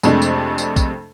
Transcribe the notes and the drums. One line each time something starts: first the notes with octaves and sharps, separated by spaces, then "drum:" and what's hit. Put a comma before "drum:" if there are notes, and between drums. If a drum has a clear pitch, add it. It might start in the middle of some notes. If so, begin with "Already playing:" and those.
F2 C3 G#3 A3 D4, drum: tambourine
drum: tambourine
drum: tambourine
drum: kick, tambourine